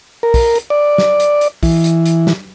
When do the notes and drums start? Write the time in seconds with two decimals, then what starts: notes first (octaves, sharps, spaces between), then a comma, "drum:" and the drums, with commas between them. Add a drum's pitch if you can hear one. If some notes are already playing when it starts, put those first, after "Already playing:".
0.23 A#4
0.34 drum: kick, open hi-hat
0.56 drum: hi-hat
0.70 D5
0.98 drum: snare
1.20 drum: hi-hat
1.41 drum: hi-hat
1.63 E3, drum: kick, open hi-hat
1.84 drum: hi-hat
2.06 drum: hi-hat
2.27 drum: snare